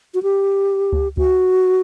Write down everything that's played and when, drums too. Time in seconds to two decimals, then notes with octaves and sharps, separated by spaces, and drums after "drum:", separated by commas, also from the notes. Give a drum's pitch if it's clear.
0.14 F#4
0.23 G4
0.93 drum: kick C#2
1.17 F#4, drum: kick C#2